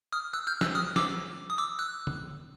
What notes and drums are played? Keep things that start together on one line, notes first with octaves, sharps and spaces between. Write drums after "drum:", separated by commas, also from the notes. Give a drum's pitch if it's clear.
D#6 F6
E6 F#6
F6 G6
E6 F#6, drum: snare
D#6 F6
D6 E6, drum: snare
D#6
D6 E6
E6 F#6
drum: tom